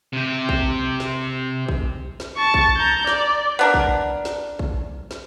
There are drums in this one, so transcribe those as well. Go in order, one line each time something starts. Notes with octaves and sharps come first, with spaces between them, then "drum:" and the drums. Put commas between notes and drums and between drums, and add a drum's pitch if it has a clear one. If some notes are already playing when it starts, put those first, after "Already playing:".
C3 G4
drum: kick
drum: snare
drum: kick
drum: snare
A5 C#6
drum: kick
A#5 G6
D5, drum: snare
B3 D4 A#4
drum: kick
drum: snare
drum: kick
drum: snare